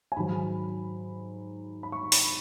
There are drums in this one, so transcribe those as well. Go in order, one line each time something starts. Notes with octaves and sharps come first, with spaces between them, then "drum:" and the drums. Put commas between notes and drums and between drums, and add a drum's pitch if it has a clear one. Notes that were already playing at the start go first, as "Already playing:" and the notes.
G#5
G#2 D#3 F#3 B5
B5
C#6
B5, drum: open hi-hat